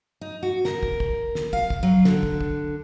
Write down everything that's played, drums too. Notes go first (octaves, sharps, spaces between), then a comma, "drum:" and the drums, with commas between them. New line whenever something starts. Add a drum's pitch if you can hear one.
D#4
F#4
A#4, drum: snare
drum: kick
drum: kick
drum: snare
F5, drum: kick
drum: kick
F#3
D3, drum: snare
drum: kick
drum: kick